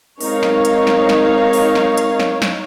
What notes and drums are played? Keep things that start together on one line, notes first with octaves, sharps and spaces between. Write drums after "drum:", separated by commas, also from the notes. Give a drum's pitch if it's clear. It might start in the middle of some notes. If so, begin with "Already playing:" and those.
G#3 C4 D#4 A#4 C#5 F5, drum: open hi-hat
drum: snare
drum: hi-hat
drum: snare
drum: snare
drum: open hi-hat
drum: snare
drum: hi-hat
drum: snare
drum: snare